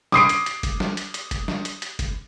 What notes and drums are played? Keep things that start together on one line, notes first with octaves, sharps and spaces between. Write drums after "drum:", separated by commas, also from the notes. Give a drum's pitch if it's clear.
D6 D#6 C7 D7, drum: snare
drum: hi-hat
drum: hi-hat
drum: kick G1, hi-hat
drum: snare
drum: hi-hat
drum: hi-hat
drum: kick G1, hi-hat
drum: snare
drum: hi-hat
drum: hi-hat
drum: kick G1, hi-hat